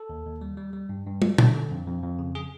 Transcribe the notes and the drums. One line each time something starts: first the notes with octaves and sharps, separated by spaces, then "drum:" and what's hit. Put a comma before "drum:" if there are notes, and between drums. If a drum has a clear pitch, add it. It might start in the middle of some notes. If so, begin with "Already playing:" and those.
Already playing: A4
D#2
D#2
G3
G3
G3
G2
G2
G3, drum: tom
D3, drum: tom
D3
F2
F2
F2
C#3
G#4